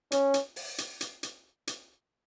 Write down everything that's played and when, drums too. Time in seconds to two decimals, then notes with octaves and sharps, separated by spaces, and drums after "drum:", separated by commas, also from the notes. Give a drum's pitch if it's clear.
0.12 C#4, drum: hi-hat
0.34 drum: hi-hat
0.56 drum: open hi-hat
0.78 drum: hi-hat
1.01 drum: hi-hat
1.23 drum: hi-hat
1.67 drum: hi-hat